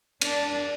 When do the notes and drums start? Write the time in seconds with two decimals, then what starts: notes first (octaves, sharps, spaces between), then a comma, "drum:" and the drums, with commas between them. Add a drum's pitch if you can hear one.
0.21 D4, drum: cymbal